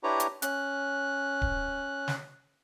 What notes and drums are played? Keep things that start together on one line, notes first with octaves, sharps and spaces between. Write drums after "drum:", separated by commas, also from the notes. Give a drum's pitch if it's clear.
D4 E4 G4 B4 C#5 A#5
drum: hi-hat
C#4 F#6, drum: hi-hat
drum: kick D1
drum: snare